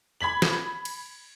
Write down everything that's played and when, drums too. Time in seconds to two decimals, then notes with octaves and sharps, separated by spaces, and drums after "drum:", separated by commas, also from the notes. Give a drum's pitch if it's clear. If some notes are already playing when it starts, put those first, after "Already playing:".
0.20 B5 G#6 B6 F#7
0.42 drum: snare
0.85 drum: cymbal